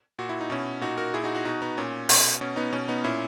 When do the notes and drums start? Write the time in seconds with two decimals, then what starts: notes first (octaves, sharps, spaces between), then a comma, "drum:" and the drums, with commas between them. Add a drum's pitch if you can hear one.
0.19 A#2 F#4
0.29 E4
0.41 D#4
0.50 B2 C#4 E4
0.81 A#2 D#4 F#4
0.98 F#4 A#4
1.14 A#2 E4 G#4
1.24 D#4 F#4
1.35 D#4 F#4
1.45 B2 D#4 F#4
1.62 B3 D#4
1.77 A#2 C#4
2.09 B2, drum: open hi-hat
2.41 B2 C#4
2.56 B3 D#4
2.72 B2 C#4
2.88 B3 D#4
3.04 A#2 C#4 E4